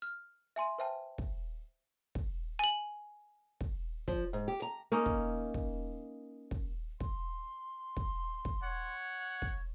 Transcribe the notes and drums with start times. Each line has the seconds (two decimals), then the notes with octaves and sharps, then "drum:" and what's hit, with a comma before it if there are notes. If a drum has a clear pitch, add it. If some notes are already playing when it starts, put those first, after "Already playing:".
0.02 F6
0.56 E5 G#5 C6 D#7
0.78 B4 C5 E5 G5 A5
1.18 drum: kick
2.15 drum: kick
2.59 G#5 F#7
3.61 drum: kick
4.08 F3, drum: kick
4.33 G#2
4.48 G4
4.62 A#5
4.92 A#3 C#4 D#4
5.06 drum: kick
5.54 drum: kick
6.51 drum: kick
7.00 C6, drum: kick
7.97 drum: kick
8.45 drum: kick
8.63 C#5 F#5
9.42 drum: kick